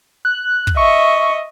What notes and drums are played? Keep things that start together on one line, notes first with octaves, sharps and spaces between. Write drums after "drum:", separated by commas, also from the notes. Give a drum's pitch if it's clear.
F#6
drum: kick
D#5 E5 C#6